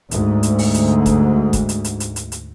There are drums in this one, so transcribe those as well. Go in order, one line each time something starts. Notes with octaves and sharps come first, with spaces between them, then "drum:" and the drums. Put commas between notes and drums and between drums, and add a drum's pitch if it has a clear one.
D2 G#2, drum: hi-hat
drum: hi-hat
drum: open hi-hat
drum: hi-hat
drum: kick F#1, hi-hat
drum: kick F#1, hi-hat
drum: hi-hat
drum: hi-hat
drum: hi-hat
drum: hi-hat
drum: hi-hat